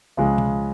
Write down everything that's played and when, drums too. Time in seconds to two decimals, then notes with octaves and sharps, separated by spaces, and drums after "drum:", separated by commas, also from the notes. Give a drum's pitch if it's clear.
0.17 C#2 C#3 F3 G#3
0.38 drum: tom B2